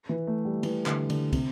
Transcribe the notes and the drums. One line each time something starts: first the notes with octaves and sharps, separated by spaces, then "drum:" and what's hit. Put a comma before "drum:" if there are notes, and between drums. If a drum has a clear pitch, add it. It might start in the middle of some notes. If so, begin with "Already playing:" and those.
E3
A3
G3
E3, drum: cymbal
D3, drum: clap
D3, drum: cymbal
C3, drum: kick, cymbal